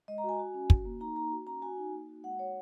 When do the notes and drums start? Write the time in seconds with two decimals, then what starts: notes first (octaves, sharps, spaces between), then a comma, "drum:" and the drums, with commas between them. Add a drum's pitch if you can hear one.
0.08 G#3 D#5
0.18 A#5
0.24 F#4
0.29 G#5
0.39 F#4
0.54 C#4
0.70 F#4, drum: kick
0.85 A#3
1.00 D#4 A#5
1.16 A#3 A#5
1.31 F#4
1.47 C#4 A#5
1.62 F#4 G#5
1.78 D#4
1.93 A#3
2.09 F#4
2.24 G#3 F#5
2.39 F#4 C#5